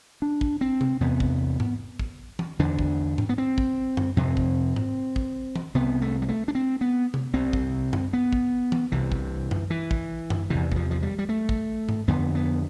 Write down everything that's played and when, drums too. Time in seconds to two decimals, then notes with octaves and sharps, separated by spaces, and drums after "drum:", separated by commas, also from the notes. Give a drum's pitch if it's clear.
0.22 D4
0.41 drum: kick
0.61 C4
0.81 drum: tom C3
1.00 E2 C3 B3
1.20 drum: kick
1.60 drum: tom G#2
1.99 drum: kick
2.39 drum: tom E3
2.59 E2 D3 D4
2.79 drum: kick
3.18 drum: tom G#2
3.29 B3
3.38 C4
3.58 drum: kick
3.97 drum: tom F#2
4.17 F2 C3 C4
4.37 drum: kick
4.76 drum: tom G#2
5.16 drum: kick
5.56 drum: tom E3
5.75 C2 C3 B3
6.02 A3
6.22 G3
6.29 A3
6.48 D4
6.55 C4
6.81 B3
7.14 drum: tom C3
7.34 C2 C3 C4
7.53 drum: kick
7.93 drum: tom F#2
8.13 B3
8.32 drum: kick
8.72 drum: tom E3
8.92 C2 C3 E3
9.12 drum: kick
9.51 drum: tom F#2
9.70 E3
9.91 drum: kick
10.30 drum: tom F#2
10.50 E2 C3 E3
10.72 G3, drum: kick
10.76 F3
10.91 F3
11.03 G3
11.19 G3
11.29 A3
11.49 drum: kick
11.89 drum: tom G#2
12.08 F2 D3 B3
12.35 B3